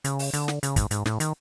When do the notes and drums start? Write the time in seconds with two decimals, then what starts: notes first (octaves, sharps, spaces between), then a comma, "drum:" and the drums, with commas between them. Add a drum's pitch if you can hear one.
0.04 C#3, drum: hi-hat
0.19 drum: open hi-hat
0.33 D3, drum: hi-hat
0.48 drum: snare
0.63 C#3, drum: hi-hat
0.76 G#2, drum: kick, hi-hat
0.91 G#2, drum: hi-hat
1.06 A2, drum: snare
1.20 D#3, drum: hi-hat